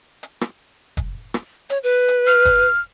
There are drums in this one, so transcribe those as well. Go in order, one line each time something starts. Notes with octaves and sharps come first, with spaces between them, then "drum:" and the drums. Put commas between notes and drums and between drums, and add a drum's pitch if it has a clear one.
drum: hi-hat
drum: rim click
drum: kick, hi-hat
drum: rim click
C#5, drum: hi-hat
B4
drum: hi-hat
F6
drum: kick, hi-hat